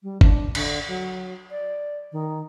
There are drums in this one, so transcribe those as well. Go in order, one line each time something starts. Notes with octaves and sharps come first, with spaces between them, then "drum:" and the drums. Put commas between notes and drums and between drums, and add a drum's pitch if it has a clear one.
G3
D4, drum: kick
D3, drum: cymbal
F#3
D5
D#3